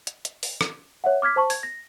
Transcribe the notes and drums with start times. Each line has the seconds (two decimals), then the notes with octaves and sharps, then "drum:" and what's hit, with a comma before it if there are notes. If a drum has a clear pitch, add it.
0.07 drum: hi-hat
0.25 drum: hi-hat
0.43 drum: open hi-hat
0.61 drum: rim click
1.04 C#5 E5 F#5
1.22 D6 F6 G#6 B6
1.36 C5 A5 C#6
1.50 G#6, drum: open hi-hat
1.63 A#6